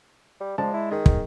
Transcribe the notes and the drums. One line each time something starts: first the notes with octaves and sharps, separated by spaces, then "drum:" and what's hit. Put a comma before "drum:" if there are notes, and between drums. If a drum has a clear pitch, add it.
G3
F3 G#3 D5 A5
E4
D#3 G#4
drum: kick